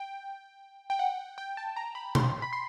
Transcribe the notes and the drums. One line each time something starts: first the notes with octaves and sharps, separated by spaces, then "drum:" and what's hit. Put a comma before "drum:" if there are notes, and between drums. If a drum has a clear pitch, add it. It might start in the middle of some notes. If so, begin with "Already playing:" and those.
Already playing: G5
G5
F#5
G5
A5
A#5
B5
C6, drum: tom B2
B5
C6